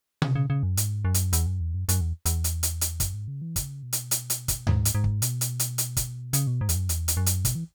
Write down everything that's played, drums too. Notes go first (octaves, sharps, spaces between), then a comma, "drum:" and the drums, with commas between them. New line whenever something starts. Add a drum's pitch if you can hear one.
C#3, drum: tom B2
C#3
C#3
F#2
G#2, drum: hi-hat
F#2
drum: hi-hat
E2, drum: hi-hat
F#2
E2
F#2
F#2, drum: hi-hat
E2
E2, drum: hi-hat
drum: hi-hat
drum: hi-hat
drum: hi-hat
F#2, drum: kick, hi-hat
G#2
C#3
E3
C#3, drum: kick, hi-hat
B2
drum: hi-hat
drum: hi-hat
drum: hi-hat
drum: kick, hi-hat
G#2, drum: tom D2
drum: hi-hat
G#2
drum: kick
B2, drum: hi-hat
drum: hi-hat
drum: hi-hat
drum: hi-hat
drum: kick, hi-hat
C#3, drum: hi-hat
B2
G#2
E2, drum: hi-hat
F#2
E2, drum: hi-hat
drum: hi-hat
F#2
drum: hi-hat
B2, drum: kick, hi-hat
E3